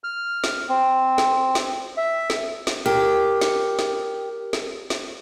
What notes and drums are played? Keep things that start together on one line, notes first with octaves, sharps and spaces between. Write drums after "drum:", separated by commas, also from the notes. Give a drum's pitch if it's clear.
F6
drum: snare
C4
drum: snare
drum: snare
E5
drum: snare
drum: snare
G4 A#4
drum: snare
drum: snare
drum: snare
drum: snare